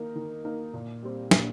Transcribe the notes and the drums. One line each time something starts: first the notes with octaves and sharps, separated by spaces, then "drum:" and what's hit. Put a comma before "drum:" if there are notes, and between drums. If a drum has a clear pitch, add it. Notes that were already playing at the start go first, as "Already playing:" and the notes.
Already playing: D#3 A#3 D#4 A#4
D#3
A#3 D#4 A#4
A#2
G3 C4
A#2, drum: snare